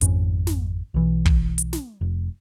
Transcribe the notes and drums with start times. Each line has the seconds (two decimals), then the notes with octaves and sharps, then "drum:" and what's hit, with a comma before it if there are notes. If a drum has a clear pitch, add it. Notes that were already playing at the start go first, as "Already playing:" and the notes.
0.01 G#1 F2 C#4, drum: hi-hat
0.47 drum: snare
0.94 B1 E3
1.26 drum: kick
1.58 drum: hi-hat
1.73 drum: snare
2.01 F1